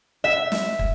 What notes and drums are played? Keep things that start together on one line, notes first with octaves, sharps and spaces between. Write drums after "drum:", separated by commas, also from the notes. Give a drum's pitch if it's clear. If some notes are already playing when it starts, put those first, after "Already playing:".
E5
drum: snare
drum: kick